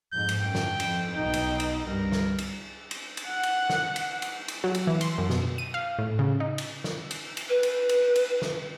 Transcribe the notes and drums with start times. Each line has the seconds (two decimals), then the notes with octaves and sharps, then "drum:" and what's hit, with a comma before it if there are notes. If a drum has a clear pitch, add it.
0.12 F2 G#2 G6
0.29 drum: cymbal
0.41 F#2 G5
0.55 drum: snare
0.80 F2, drum: cymbal
1.14 B1 D#4 G5
1.33 drum: cymbal
1.60 drum: cymbal
1.87 C2 G2 A#4
2.12 drum: snare
2.38 drum: cymbal
2.91 drum: cymbal
3.17 drum: cymbal
3.27 F#5
3.43 drum: cymbal
3.70 drum: snare
3.96 drum: cymbal
4.22 drum: cymbal
4.48 drum: cymbal
4.64 F#3
4.74 drum: cymbal
4.87 E3
5.01 C6, drum: cymbal
5.18 F#2
5.30 B2, drum: snare
5.58 D#7
5.74 F5
5.99 A2
6.19 C#3
6.40 D#4
6.58 drum: cymbal
6.84 drum: snare
7.11 drum: cymbal
7.37 drum: cymbal
7.49 B4
7.63 drum: cymbal
7.89 drum: cymbal
8.15 drum: cymbal
8.42 drum: snare